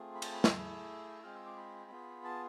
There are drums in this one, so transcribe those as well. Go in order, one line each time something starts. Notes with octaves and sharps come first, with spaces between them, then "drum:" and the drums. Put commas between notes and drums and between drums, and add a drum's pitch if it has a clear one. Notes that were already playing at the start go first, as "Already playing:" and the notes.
Already playing: A3 C4 F4 G#4
B5
A5, drum: cymbal
B5
E6, drum: snare
A3 E4 G#4
G#3 C4 F4 G#4 F6
E6
D6
B5
B3 F4 G#4
A5